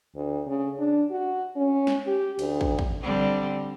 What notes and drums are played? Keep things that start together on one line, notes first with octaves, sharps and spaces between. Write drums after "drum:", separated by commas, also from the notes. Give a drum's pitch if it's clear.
D2
C#3
D4
F#4
C#4
drum: snare
G4
D2, drum: cymbal
drum: kick
drum: kick
D3 G3 C4